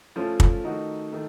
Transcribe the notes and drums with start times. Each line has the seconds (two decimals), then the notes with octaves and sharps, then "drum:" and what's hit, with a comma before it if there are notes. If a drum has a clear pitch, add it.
0.16 F3 A3 C#4 F4
0.40 drum: kick
0.64 D#3 A3 D#4 F#4
1.13 D#3 A3